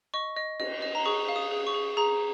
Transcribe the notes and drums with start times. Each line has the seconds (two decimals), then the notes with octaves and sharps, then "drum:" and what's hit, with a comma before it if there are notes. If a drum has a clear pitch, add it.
0.14 D#5 C#6
0.37 D#5
0.60 D#5, drum: cymbal
0.82 D#5
0.95 A#5
1.06 G#4 C#6
1.28 F5
1.36 D#6
1.51 G#4
1.67 C#6
1.74 G#4
1.97 G#4 A#5